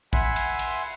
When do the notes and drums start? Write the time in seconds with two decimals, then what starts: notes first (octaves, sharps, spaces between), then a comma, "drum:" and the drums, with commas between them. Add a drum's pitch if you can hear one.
0.13 E5 F#5 G#5 B5 C6, drum: kick A#1
0.36 drum: cymbal
0.59 drum: cymbal